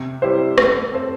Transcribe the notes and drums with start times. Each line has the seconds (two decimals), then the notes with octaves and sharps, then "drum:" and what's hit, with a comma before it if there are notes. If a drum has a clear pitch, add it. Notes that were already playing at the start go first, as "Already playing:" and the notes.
Already playing: C3
0.22 G3 E4 G4 C5
0.58 A3, drum: rim click
0.92 C4 A4 C5